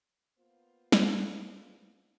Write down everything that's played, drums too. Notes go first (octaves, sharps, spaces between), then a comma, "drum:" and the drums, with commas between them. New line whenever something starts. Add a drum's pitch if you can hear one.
A#3 B3 F4 C5
drum: snare